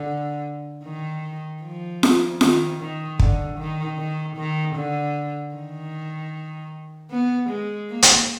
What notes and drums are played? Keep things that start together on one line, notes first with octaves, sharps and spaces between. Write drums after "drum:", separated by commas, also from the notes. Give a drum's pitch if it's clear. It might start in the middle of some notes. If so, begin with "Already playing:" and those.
Already playing: D3
D#3
F3
drum: snare F4
D#3, drum: snare F4
D#3
D3, drum: kick
D#3
D#3
D#3
D3
D#3
B3
G#3
A#3
drum: hi-hat